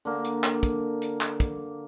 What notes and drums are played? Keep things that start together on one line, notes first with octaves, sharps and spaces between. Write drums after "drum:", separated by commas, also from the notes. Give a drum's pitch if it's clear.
D3 A#3 D6
drum: hi-hat
drum: clap
drum: kick, hi-hat
drum: hi-hat
drum: clap
drum: kick, hi-hat